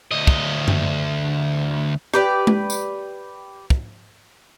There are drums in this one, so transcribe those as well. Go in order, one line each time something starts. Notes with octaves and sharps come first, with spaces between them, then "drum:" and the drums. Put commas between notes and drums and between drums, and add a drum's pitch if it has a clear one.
D2 D#5
drum: kick
drum: tom F#2
G4 B4 D5, drum: rim click
drum: tom G#3
drum: tambourine
drum: kick